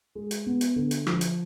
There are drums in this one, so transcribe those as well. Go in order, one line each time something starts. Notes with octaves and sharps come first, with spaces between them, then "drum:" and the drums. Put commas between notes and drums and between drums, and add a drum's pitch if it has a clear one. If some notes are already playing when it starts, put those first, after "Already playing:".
G#3
drum: hi-hat
B3
drum: hi-hat
D3
drum: hi-hat
F3, drum: rim click
drum: hi-hat